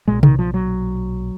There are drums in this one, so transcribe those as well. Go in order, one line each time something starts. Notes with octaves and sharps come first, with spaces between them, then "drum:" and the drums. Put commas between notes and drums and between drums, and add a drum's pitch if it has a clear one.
B1 A#2 G#3
D#3, drum: tom C3
F3
F#3